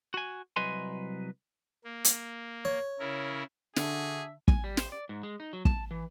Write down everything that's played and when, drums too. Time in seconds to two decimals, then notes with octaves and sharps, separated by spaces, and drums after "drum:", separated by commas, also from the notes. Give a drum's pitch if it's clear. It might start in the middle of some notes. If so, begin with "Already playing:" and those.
0.14 F#4 G#5
0.56 C2 F#3 B4 D#5 G#5 C6
1.84 A#3
2.05 drum: hi-hat
2.65 C#5
2.99 C#3 E4 A#4
3.76 D3 D4 F#4 G#4 E5, drum: snare
4.48 G#5, drum: kick
4.64 G3
4.77 C5, drum: snare
4.92 D5
5.09 G#2
5.23 G#3
5.40 D#4
5.53 F#3
5.65 A5, drum: kick
5.91 E3